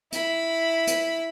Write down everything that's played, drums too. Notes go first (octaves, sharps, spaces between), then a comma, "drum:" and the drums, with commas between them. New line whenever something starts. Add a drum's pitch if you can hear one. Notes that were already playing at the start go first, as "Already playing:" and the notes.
E4 B5, drum: hi-hat
drum: hi-hat